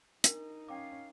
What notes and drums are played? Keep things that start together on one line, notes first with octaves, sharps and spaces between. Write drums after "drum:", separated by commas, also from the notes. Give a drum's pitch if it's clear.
D4 D#4 A#4, drum: hi-hat
C#4 F5 G5 D6